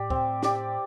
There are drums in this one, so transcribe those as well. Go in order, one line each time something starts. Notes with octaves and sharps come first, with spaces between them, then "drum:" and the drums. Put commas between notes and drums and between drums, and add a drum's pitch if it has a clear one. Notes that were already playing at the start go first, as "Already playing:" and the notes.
Already playing: A2 G4 D5
C4, drum: kick
G4 D5, drum: snare